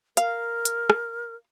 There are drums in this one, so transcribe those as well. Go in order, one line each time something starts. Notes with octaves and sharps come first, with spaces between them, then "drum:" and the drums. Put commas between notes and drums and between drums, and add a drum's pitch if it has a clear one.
A#4 F5, drum: hi-hat
drum: hi-hat
drum: rim click